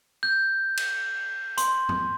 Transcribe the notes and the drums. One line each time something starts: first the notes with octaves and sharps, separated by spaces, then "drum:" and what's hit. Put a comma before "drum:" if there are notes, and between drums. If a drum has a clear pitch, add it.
G6
drum: cymbal
C6, drum: hi-hat
drum: tom G#2